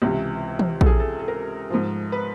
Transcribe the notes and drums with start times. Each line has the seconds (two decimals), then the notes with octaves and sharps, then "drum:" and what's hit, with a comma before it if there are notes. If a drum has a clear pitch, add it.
0.02 C#2 C3 E3 G4
0.59 drum: tom
0.81 A4, drum: kick A#1
0.86 G#4
1.00 A4
1.19 A4
1.28 A#4
1.70 G#2 F3
2.12 B4